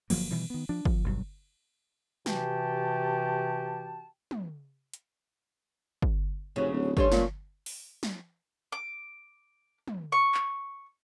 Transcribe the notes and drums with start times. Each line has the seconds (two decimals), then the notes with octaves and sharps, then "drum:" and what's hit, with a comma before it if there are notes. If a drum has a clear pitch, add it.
0.10 G1 F3 F#3 A#3, drum: cymbal
0.30 B2 D#3 E3 G3
0.50 D#3 B3
0.69 F3 D4
0.85 F3, drum: kick
1.04 B1 G2 F#3
2.26 C3 E3 F#4 G4 G5 A5, drum: snare
4.31 drum: tom
4.93 drum: hi-hat
6.02 drum: kick
6.56 F1 C#3 F#3
6.71 D1
6.97 G2 A3 C#4 C5, drum: kick
7.12 A#2, drum: snare
7.66 drum: open hi-hat
8.03 drum: snare
8.72 D6
9.88 drum: tom
10.12 C#6
10.34 drum: clap